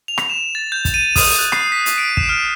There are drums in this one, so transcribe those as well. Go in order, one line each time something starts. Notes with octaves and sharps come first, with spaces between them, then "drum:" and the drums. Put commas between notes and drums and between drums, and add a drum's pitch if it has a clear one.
F7
drum: rim click
E7
A6
G6
drum: kick, hi-hat
D#7
D#6, drum: kick, open hi-hat
F#6
C7, drum: rim click
B6
drum: hi-hat
D7
E7, drum: kick
F6